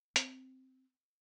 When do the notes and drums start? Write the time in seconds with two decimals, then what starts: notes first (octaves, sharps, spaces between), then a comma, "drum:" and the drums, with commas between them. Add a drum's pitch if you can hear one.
0.16 C4, drum: hi-hat